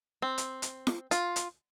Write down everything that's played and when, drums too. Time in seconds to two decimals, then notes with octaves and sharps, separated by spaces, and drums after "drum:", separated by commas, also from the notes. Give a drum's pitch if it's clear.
0.22 C4
0.38 drum: hi-hat
0.62 drum: hi-hat
0.87 drum: snare
1.11 F4, drum: hi-hat
1.36 drum: hi-hat